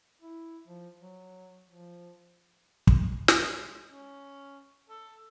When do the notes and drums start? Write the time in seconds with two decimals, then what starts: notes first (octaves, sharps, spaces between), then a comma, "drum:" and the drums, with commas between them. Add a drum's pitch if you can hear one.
0.22 E4
0.68 F3
1.00 F#3
1.70 F3
2.87 drum: kick
3.28 G#3, drum: snare
3.88 C#4
4.89 A4